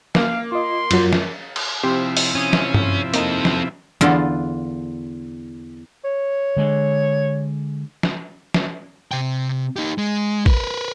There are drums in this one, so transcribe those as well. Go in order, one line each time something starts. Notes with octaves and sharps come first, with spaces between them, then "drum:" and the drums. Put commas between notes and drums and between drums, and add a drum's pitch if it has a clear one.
A#3 F5, drum: snare
F4 D#5 C6
F#2 F#3 F4, drum: cymbal
drum: snare
drum: cymbal
C3 F3 C4 E4 G4 C5
drum: open hi-hat
C#4 G#5 D#6 D#7
drum: snare
drum: tom G2
A#3 C4 D#4 A4, drum: hi-hat
drum: snare
E2 D3 D4 F4 A4, drum: snare
C#5
D3 G#3
drum: snare
drum: snare
C3 G5
D#4 G4
G#3
A#4 B4, drum: kick